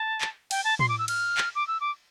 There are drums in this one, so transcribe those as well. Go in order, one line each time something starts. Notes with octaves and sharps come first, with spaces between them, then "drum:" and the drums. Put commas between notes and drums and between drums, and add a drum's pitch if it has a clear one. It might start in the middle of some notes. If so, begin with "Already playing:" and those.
Already playing: A5
drum: clap
G5, drum: cymbal
A5
C6, drum: tom
D6
E6
F6, drum: cymbal
drum: clap
D6
E6
D6